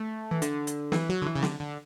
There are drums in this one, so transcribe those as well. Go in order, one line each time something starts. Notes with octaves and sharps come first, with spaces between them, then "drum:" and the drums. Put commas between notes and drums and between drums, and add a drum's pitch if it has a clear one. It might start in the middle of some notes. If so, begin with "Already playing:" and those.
Already playing: A3
E3
D3, drum: hi-hat
drum: hi-hat
E3, drum: snare
F#3
D3
E3
C#3
D3, drum: snare
D3